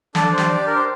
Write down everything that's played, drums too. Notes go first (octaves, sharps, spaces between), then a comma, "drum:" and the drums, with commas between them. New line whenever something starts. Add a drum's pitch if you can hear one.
D4 A4, drum: snare
C5
G4, drum: snare
D5
D4
A#4
C5